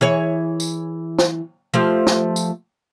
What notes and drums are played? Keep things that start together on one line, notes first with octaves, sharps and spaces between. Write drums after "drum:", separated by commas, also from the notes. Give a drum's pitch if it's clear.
E3 G#4 C#5
drum: tambourine
drum: snare
F3 A3 G4
drum: snare
drum: tambourine